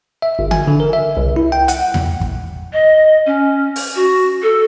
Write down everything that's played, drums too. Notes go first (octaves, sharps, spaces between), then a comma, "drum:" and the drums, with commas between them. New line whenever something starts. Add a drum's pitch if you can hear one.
E5
G1
G#5, drum: tom D3
D3
A#4
E5
C2
E4
G5
F#5, drum: hi-hat
drum: tom E2
drum: kick
D#5
C#4
drum: open hi-hat
F#4
A4